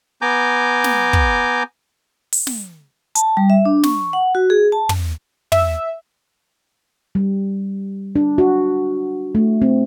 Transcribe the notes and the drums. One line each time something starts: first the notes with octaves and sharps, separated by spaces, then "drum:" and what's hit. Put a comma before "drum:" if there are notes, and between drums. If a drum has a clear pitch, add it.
B3 G#5 A#5 D6 G6
drum: snare
drum: kick
drum: open hi-hat
drum: snare
A5, drum: hi-hat
G3
E5
D4
C#6, drum: snare
F#5
F#4
G#4
A5
drum: tom
E5, drum: tom
G3
D4
F#4
A3
C4